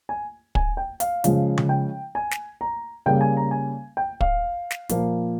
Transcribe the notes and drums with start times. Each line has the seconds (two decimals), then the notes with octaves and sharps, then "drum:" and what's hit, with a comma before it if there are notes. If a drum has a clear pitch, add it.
0.09 G#5
0.55 G#5, drum: kick
0.77 G5
1.00 F5, drum: hi-hat
1.24 C#3 F3 G#3, drum: hi-hat
1.58 drum: tom C#3
1.69 G5
2.15 G#5
2.31 drum: snare
2.61 A#5
3.06 C#3 G3 A#3 G5
3.21 G#5
3.37 A#5
3.51 G#5
3.97 G5
4.21 F5, drum: kick
4.71 drum: snare
4.89 A#2 F3 A#3, drum: hi-hat